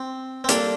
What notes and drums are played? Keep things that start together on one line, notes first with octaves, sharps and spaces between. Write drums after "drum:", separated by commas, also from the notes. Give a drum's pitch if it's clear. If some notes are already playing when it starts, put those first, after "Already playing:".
Already playing: C4
C4
G3 A#3 D4 A4, drum: hi-hat